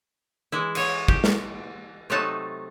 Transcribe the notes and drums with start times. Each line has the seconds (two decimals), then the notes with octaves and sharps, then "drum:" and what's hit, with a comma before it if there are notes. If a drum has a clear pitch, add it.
0.52 E3 G#3 E4
0.75 G#4 C#5, drum: cymbal
1.08 G4, drum: kick
1.24 drum: snare
2.10 C3 F#3 A3 D#4 F#5 A5